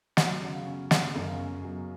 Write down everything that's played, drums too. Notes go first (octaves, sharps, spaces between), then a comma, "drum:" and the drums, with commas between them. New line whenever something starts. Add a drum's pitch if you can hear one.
F#3 F#5, drum: snare
C#3
F5
C#4
C#3 D#5, drum: snare
F#2
F5
C#4
F#3